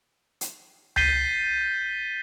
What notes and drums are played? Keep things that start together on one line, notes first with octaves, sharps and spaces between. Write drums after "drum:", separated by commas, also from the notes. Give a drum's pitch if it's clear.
drum: hi-hat
G6 A6 B6 C7 D#7 G7, drum: tom C#2